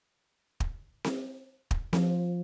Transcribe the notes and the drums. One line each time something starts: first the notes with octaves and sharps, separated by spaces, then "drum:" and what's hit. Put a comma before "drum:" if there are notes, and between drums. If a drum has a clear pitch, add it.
drum: kick
drum: snare C4
drum: kick
F3, drum: snare C4